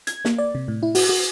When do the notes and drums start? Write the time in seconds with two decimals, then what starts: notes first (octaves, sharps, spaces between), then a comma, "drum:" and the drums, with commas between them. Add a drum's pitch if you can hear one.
0.07 G#6, drum: hi-hat
0.25 A#3, drum: snare
0.38 D5
0.55 C3
0.68 A2
0.83 E4
0.95 F#4, drum: open hi-hat
1.09 F#4